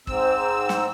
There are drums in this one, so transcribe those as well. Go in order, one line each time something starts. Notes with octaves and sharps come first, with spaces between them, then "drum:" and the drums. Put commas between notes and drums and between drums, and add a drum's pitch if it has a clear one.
G#2 C4 E6, drum: kick
drum: snare